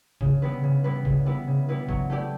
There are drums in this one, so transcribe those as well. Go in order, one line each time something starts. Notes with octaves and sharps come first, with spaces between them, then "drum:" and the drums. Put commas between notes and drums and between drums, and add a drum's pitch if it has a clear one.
C#3, drum: kick
G3 B3 E4 B4
C#3
G3 B3 E4 B4
C#3, drum: kick
G3 B3 E4 B4
C#3
G3 B3 E4 B4
F#3, drum: kick
A3 E4 G4 D5